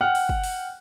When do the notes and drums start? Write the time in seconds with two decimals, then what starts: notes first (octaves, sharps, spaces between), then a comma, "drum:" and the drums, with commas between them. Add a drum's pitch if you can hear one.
0.01 F#5 G5 F6 F#6
0.15 drum: open hi-hat
0.29 drum: kick
0.44 drum: open hi-hat